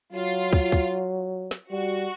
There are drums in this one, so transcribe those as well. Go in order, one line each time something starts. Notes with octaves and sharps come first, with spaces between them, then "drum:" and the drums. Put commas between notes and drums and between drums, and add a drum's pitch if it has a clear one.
F#3 F4
drum: kick
drum: kick
drum: snare
G3 F#4